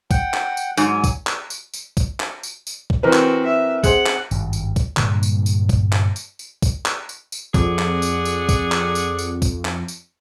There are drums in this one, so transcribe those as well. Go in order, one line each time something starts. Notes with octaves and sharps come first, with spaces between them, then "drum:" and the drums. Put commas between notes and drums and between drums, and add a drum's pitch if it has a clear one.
F#5 G5, drum: kick, tambourine
drum: clap
drum: tambourine
G#2 F#3 G#5, drum: tambourine
drum: kick, tambourine
drum: clap
drum: tambourine
drum: tambourine
drum: kick, tambourine
drum: clap
drum: tambourine
drum: tambourine
drum: kick
E3 C4 F#4 A#4 B4
drum: clap
E5
G#4 C5 F#5, drum: kick, tambourine
drum: clap
G#1 G2, drum: tambourine
drum: tambourine
drum: kick, tambourine
G2 A#2 D3 F#3, drum: clap
drum: tambourine
drum: tambourine
drum: kick, tambourine
drum: clap
drum: tambourine
drum: tambourine
drum: kick, tambourine
drum: clap
drum: tambourine
drum: tambourine
F2 G#4 D5 F#5, drum: kick, tambourine
drum: clap
drum: tambourine
drum: tambourine
drum: kick, tambourine
drum: clap
drum: tambourine
drum: tambourine
drum: kick, tambourine
drum: clap
drum: tambourine